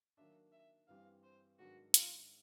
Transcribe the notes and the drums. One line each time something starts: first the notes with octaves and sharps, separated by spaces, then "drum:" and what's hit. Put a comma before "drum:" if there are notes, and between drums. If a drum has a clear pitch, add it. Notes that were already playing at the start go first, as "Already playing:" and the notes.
D#3 F#3 A#3 D4 E5
E5
G2 E3 G3 C4 F5
C5
G#2 D#3 F#3 B3 D4 F#4
F4, drum: hi-hat